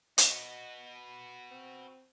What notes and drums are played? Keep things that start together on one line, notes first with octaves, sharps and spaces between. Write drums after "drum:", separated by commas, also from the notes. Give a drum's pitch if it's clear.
F#4 B4 D#5, drum: hi-hat
C4